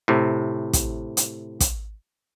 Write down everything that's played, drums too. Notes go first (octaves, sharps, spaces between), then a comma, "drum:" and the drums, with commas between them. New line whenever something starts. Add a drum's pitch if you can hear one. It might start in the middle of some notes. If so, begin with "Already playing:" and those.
A2 C3
drum: kick, hi-hat
drum: hi-hat
drum: kick, hi-hat